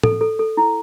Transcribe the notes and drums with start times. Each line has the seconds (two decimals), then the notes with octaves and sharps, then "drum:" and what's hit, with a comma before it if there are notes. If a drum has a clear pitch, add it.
0.03 A4, drum: tom
0.21 A4
0.39 A4
0.57 E4